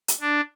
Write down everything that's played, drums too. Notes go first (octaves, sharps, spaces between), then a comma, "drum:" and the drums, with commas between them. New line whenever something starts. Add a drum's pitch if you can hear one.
drum: hi-hat
D4